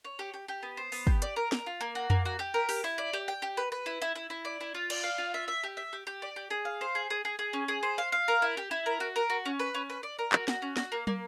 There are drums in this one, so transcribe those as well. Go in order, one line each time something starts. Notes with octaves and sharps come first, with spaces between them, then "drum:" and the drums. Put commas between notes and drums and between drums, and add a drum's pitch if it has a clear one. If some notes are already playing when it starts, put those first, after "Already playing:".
C#5
G4
G4
G4
B3
C5
B3, drum: open hi-hat
G4, drum: kick
D5, drum: hi-hat
A#4
A#4, drum: snare
F4
A#3
F#4
A#3, drum: tom F2
F#4
G4
A#4
G4, drum: open hi-hat
E4
D5
G4
G5
G4
B4
B4
E4
E4
E4
E4
D5
E4
F4
D5, drum: cymbal
F5
F4
E5
E5
G4
E5
G4
G4
D5
G4
G#4
F5
C5
G#4
G#4
G#4
G#4
C#4
G#4
C5
F5
F5
A#4
E4
G4
E4
A#4
F#4
A#4
F#4
C#4
B4
C#4
B4
D5
A#4
F#4, drum: clap
F#4, drum: snare
C#4
F#4, drum: snare
A#3
A#3, drum: tom